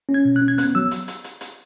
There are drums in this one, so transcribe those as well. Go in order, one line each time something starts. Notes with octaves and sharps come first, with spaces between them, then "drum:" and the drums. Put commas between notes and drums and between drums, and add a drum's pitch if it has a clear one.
C#4
G#6
B2
F#6
C#4
G#6
B3 F#6, drum: hi-hat
F#3 E6
drum: hi-hat
drum: hi-hat
drum: hi-hat
drum: hi-hat